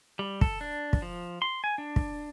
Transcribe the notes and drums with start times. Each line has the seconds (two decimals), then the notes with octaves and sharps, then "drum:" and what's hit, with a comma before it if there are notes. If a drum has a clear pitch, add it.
0.19 G3
0.41 A4, drum: kick
0.61 D4
0.93 drum: kick
1.02 F3
1.42 C6
1.64 G#5
1.78 D4
1.96 drum: kick